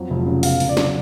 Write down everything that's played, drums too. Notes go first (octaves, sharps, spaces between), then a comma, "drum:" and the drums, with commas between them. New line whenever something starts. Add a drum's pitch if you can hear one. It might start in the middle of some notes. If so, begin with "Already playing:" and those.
Already playing: F2 F#3
F1
C#3
B2 F5, drum: open hi-hat
C#2, drum: open hi-hat
D5
F#3, drum: snare